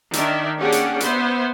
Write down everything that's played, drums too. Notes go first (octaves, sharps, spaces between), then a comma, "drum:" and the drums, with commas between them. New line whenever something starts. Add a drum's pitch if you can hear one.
D#3 D4 A#4 D5 E5, drum: hi-hat
A#3 C#4 D4 G4 G#4 F#5
drum: hi-hat
B3 C5 E5, drum: hi-hat